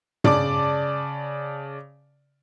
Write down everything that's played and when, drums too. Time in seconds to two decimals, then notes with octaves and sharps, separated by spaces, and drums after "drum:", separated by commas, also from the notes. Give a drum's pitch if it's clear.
0.24 C#3 D5 A5 D6, drum: tom